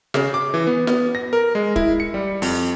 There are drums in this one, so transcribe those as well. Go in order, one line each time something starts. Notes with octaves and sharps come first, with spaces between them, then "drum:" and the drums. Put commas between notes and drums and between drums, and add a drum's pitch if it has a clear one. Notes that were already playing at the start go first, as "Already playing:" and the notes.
C#3, drum: snare
D6
E3
B3
B3, drum: snare
A#6
A#4
G#3
E4, drum: kick
C#7
G3
F2, drum: open hi-hat